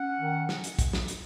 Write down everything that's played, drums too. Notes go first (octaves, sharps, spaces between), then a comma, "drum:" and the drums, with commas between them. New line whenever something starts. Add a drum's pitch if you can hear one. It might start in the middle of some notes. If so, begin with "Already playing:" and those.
Already playing: C#4 F#5
D#3
drum: snare
drum: hi-hat
drum: kick, hi-hat
drum: snare
drum: hi-hat